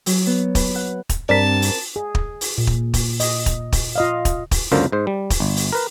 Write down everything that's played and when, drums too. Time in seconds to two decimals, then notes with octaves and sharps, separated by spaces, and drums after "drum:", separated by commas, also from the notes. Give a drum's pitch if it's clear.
0.06 F#3, drum: open hi-hat
0.27 B3
0.55 B4, drum: kick, open hi-hat
0.75 F#5
1.09 drum: kick, hi-hat
1.29 G2 C4 A#4 D5 A5 B6
1.62 drum: open hi-hat
1.96 G#4
2.15 drum: kick
2.41 drum: open hi-hat
2.58 A#2
2.67 drum: kick
2.94 drum: kick, open hi-hat
3.20 D#5, drum: open hi-hat
3.46 drum: kick, hi-hat
3.72 drum: kick, open hi-hat
3.96 F4 D#5 F5
4.25 drum: kick, hi-hat
4.51 drum: kick, open hi-hat
4.72 C#2 F#2 D3 A#3 C5
4.92 G#2 C5
5.07 G3
5.30 drum: kick, open hi-hat
5.40 G1
5.57 drum: open hi-hat
5.73 A#4 B4